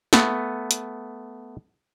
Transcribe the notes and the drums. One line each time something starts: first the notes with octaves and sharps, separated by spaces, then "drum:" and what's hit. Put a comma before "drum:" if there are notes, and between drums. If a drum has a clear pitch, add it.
A3 B3, drum: snare
drum: hi-hat